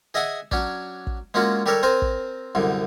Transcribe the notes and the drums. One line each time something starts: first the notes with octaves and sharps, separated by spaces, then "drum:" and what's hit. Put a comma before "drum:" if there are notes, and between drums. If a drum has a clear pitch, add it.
G#4 D#5 E5 F#5 G#5 D#6
F#3 C#4 D4, drum: kick
drum: kick
G#3 A#3 C#4 F4 F#4
G3 G4 A4 A#4 C#5
C4 A#4 C5 G#5
drum: kick
C2 F#2 D3